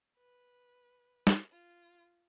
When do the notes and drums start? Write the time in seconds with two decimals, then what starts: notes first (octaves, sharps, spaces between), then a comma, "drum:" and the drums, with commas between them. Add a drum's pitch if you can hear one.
0.17 B4
1.27 drum: snare
1.51 F4